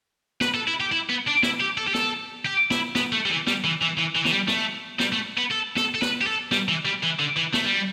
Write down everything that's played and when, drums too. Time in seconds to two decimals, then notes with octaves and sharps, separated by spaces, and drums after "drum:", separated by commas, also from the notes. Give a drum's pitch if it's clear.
0.41 B4, drum: snare
0.54 A4
0.67 E4
0.80 G4
0.92 E4
1.09 B3
1.27 D4
1.43 E4, drum: snare
1.60 G4
1.77 A4
1.88 G4
1.94 A4, drum: snare
2.46 G4
2.71 E4, drum: snare
2.95 B3, drum: snare
3.12 A3
3.25 G3
3.30 E3
3.47 G3, drum: snare
3.64 E3
3.81 E3
3.97 E3
4.15 E3
4.25 E3, drum: snare
4.31 G3
4.48 A3, drum: snare
5.00 G3, drum: snare
5.12 A3
5.37 B3
5.51 A4
5.76 A4, drum: snare
5.94 A4
6.02 B4, drum: snare
6.21 G4
6.27 A4
6.52 G3, drum: snare
6.69 E3
6.85 G3
7.04 E3
7.20 D3
7.37 E3
7.54 A3, drum: snare
7.67 G3